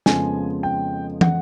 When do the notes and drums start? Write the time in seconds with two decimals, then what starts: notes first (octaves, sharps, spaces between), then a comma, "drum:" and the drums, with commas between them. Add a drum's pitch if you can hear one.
0.06 F2 C#3 F3 G#3 B3 G#5, drum: snare
0.63 G5
1.21 F#5, drum: tom